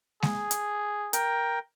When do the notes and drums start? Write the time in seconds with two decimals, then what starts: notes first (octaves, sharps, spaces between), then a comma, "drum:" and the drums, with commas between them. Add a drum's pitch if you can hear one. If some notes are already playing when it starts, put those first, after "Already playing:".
0.22 G#4, drum: snare G#3
0.51 drum: hi-hat
1.13 A#4 G5, drum: hi-hat